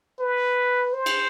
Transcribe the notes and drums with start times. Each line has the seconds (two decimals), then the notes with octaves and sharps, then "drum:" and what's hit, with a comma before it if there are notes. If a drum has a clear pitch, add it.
0.20 B4
0.93 C5
1.06 drum: cymbal